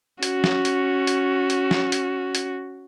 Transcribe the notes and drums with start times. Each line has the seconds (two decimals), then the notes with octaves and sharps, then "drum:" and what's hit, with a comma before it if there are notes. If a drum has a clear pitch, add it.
0.23 C#4 F#4, drum: hi-hat
0.44 drum: snare
0.65 drum: hi-hat
1.07 drum: hi-hat
1.50 drum: hi-hat
1.71 drum: snare
1.92 drum: hi-hat
2.35 drum: hi-hat